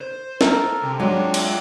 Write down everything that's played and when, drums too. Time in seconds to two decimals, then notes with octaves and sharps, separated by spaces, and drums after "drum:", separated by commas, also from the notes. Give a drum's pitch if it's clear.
0.01 C5
0.41 A4 A#4, drum: snare
0.83 C3
1.00 F#3 G#3 D4 F4 G5
1.34 drum: cymbal